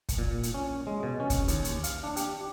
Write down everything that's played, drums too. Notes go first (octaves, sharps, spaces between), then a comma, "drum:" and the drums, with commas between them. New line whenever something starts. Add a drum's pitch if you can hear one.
drum: kick, hi-hat
A#2
drum: hi-hat
C#4
G#3
B2
C#4
drum: kick, hi-hat
D#2, drum: hi-hat
drum: hi-hat
F5, drum: hi-hat
D4
G4, drum: hi-hat